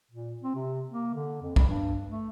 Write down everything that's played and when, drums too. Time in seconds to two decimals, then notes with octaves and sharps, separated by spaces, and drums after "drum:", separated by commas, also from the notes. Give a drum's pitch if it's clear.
0.11 A#2
0.43 C4
0.55 C3
0.90 A#3
1.14 D3
1.42 F2
1.56 G3, drum: kick
1.68 G2
2.08 A3